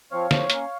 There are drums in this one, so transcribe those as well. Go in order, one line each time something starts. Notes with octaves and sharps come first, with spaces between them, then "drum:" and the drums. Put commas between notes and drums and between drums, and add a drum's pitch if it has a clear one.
F3 C4 C#5 F5
F3, drum: snare
A#3 C#4, drum: hi-hat